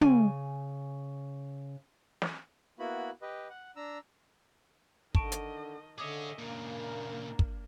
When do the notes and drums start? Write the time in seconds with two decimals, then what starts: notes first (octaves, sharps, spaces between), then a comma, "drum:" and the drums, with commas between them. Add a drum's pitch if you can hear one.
0.01 C#3 G#5, drum: tom
2.22 drum: snare
2.79 A#3 B3 E4 F#4 B5
3.22 G4 B4 D#5
3.50 F#5
3.76 D4 A#5 E6
5.15 D3 D#3 D#5 A5 C#6 D7, drum: kick
5.32 drum: hi-hat
5.98 D3 G#4 C#5 D#5 E5 D6 D#6
6.39 A#2 C#3 A#3 D4 A#4
7.39 drum: kick